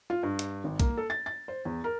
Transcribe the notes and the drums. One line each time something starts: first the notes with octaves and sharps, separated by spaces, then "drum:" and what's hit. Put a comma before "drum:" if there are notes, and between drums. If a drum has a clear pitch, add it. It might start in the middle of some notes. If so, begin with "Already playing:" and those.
F4
G2
drum: hi-hat
G#1
A#3, drum: kick, hi-hat
A4
A6
A6
C5
E2
A#4